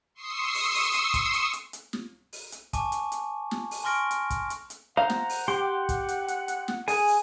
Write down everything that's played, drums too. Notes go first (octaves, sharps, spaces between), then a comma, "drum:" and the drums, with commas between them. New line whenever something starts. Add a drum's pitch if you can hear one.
C6 C#6 D#6 E6 C7 C#7
drum: open hi-hat
drum: open hi-hat
drum: hi-hat
drum: kick, hi-hat
drum: hi-hat
drum: hi-hat
drum: hi-hat
drum: snare
drum: open hi-hat
drum: hi-hat
G#5 A5 C#6 D6, drum: kick, hi-hat
drum: hi-hat
drum: hi-hat
drum: snare
drum: open hi-hat
G#5 C6 C#6 F6 A#6 D7
drum: hi-hat
drum: kick, hi-hat
drum: hi-hat
drum: hi-hat
C5 F5 F#5 A#5
drum: snare
drum: open hi-hat
G4 G5 C6
drum: kick, hi-hat
drum: hi-hat
drum: hi-hat
drum: hi-hat
drum: snare
G#4 G#5, drum: open hi-hat
drum: open hi-hat